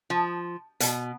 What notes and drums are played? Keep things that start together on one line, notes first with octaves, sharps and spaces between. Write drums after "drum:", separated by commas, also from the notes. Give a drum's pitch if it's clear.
F3
B2, drum: hi-hat